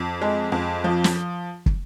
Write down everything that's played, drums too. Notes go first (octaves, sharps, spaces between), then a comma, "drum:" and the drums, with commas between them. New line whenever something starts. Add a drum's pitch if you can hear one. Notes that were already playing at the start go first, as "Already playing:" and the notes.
Already playing: F2
G#3
F2
F3
drum: snare
drum: kick